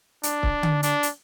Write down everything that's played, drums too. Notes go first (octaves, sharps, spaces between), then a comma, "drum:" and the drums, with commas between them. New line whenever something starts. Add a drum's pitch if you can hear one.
D4, drum: hi-hat
drum: kick C#1
drum: tom D3
D4, drum: hi-hat
drum: hi-hat